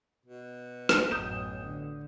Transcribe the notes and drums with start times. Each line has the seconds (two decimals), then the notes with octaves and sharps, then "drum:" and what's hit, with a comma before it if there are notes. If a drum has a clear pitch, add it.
0.26 B2
0.89 drum: rim click
1.11 A1 F#2 D#6 G6 E7
1.62 D3